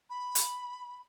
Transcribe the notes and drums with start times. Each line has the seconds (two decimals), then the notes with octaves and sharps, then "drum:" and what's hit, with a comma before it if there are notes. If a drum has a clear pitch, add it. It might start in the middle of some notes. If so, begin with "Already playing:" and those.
0.10 B5
0.35 drum: hi-hat